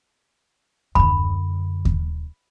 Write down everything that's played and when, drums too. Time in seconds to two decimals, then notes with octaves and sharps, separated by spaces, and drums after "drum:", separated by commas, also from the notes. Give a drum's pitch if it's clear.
0.95 F#2 D3 B5, drum: kick D#2
1.85 drum: kick D#2